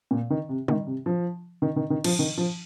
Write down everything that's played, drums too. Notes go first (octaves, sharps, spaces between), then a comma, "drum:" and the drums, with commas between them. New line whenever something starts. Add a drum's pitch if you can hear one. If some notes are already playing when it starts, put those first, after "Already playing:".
A#2
D#3
C3
D#3, drum: tom G3
C3
F3
D#3
D#3
D#3
F3, drum: cymbal
D#3
F3